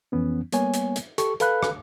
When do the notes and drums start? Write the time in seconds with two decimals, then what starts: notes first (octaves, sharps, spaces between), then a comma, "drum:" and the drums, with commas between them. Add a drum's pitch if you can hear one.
0.12 F2 E3 B3 C#4
0.52 G3 A#3 B3 C#5 G#5, drum: hi-hat
0.74 drum: hi-hat
0.96 drum: hi-hat
1.18 G4 A4 C#6, drum: hi-hat
1.40 A4 B4 F5 B5 F#6, drum: hi-hat
1.63 drum: rim click